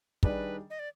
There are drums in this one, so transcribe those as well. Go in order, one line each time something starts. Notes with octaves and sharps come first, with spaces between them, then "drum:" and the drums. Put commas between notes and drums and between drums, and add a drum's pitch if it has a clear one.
D#3 G3 D4 G#4 B4 D5, drum: kick
D#5
D5